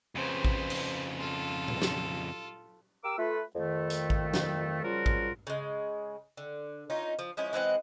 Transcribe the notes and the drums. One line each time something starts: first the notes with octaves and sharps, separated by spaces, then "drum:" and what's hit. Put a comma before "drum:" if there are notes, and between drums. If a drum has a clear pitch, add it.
F2 C#3 B4 C5
drum: kick A1
drum: cymbal
F4 A4
drum: tom A#2
drum: snare
G4 A#4 D6 E6
A3 F4 B4
F2 D#3 A3
drum: hi-hat
drum: kick A1
drum: snare
C#3 F3 G3 F4 F#4 A#4
drum: kick A1
C#3 G#3
D3
C#4 D#4 F4
F3
F3 G#3 C#4 E4
E3 G#3 C4 F#5